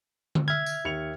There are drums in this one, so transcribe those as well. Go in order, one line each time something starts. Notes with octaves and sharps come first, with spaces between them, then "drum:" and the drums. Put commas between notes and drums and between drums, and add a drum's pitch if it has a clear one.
drum: tom D3
E5 F6 G#6
drum: tambourine
D#2 C#7 F7